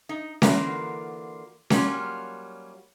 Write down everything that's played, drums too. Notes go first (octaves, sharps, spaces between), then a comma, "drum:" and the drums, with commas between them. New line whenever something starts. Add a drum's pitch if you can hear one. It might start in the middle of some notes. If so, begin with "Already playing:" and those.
D#4
D3 E3 A#3 F4 F#4 A#4, drum: snare C#4
F#3 G3 A3 A#3 C#4 F4, drum: snare C#4